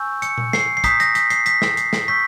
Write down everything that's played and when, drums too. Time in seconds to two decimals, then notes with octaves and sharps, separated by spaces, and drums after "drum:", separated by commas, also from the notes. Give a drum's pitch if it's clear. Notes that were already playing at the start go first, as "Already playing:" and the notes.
Already playing: G#5 C#6 E6 G6
0.22 C#7, drum: hi-hat
0.38 drum: tom A#2
0.53 C7, drum: snare
0.77 C7
0.84 A#5 D#6 G6 B6, drum: kick, hi-hat
1.00 A#6, drum: hi-hat
1.15 B6, drum: hi-hat
1.30 C7, drum: hi-hat
1.46 B6, drum: hi-hat
1.62 drum: snare
1.77 C7, drum: hi-hat
1.93 drum: snare
2.08 C#6 E6 G6 B6